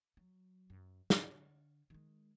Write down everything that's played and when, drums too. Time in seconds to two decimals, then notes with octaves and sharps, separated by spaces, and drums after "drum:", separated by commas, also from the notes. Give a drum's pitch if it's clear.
0.17 F#3
0.70 F#2
1.10 D3, drum: snare
1.90 D#3 G#3